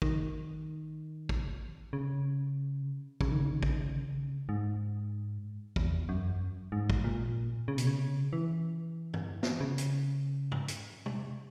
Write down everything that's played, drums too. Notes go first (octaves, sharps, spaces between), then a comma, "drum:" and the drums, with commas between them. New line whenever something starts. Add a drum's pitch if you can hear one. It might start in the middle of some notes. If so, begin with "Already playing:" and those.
D#3, drum: kick
drum: kick
C#3
C#3, drum: kick
D#3
C#3
D#3
C#3, drum: kick
D#3
C#3
G#2
E2, drum: kick
F#2
G#2
drum: kick
A#2
C#3
B2, drum: hi-hat
C#3
E3
drum: tom
drum: snare
C#3
drum: hi-hat
drum: tom G#2
drum: hi-hat
drum: tom C3